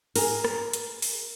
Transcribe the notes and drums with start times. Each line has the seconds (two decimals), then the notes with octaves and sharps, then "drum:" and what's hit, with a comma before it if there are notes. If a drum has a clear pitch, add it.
0.16 G#4 A#4, drum: open hi-hat
0.44 drum: rim click
0.73 drum: hi-hat
1.02 drum: open hi-hat